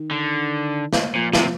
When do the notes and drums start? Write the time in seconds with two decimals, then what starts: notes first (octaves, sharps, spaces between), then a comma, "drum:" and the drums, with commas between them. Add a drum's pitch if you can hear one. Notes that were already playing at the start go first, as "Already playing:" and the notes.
Already playing: D#3
0.11 D3
0.93 drum: snare
1.15 A#2 F3
1.33 C3, drum: snare